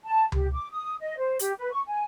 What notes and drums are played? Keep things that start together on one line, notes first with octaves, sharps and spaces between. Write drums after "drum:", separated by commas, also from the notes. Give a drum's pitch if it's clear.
A5
G4, drum: tom C#2
D6
D#6
D#5
C5
G4, drum: hi-hat
B4
C#6
G#5